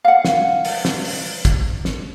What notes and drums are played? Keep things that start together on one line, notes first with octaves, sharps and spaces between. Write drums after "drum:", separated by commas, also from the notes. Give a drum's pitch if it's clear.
F5 F#5
drum: snare
drum: open hi-hat
drum: snare
drum: open hi-hat
drum: kick, hi-hat
drum: snare